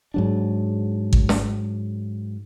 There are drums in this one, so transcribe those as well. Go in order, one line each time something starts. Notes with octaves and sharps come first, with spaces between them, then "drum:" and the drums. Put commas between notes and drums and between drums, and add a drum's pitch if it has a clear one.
G#2 F#3 D4
drum: kick
drum: snare